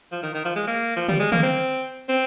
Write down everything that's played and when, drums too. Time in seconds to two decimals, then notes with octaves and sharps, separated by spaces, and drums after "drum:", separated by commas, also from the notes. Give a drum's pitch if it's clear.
0.12 F3
0.23 D#3
0.34 D#3
0.45 F3
0.56 G#3
0.67 A#3
0.96 F3
1.08 G3, drum: tom C#3
1.19 G#3
1.32 A#3, drum: tom
1.43 C4
2.09 C4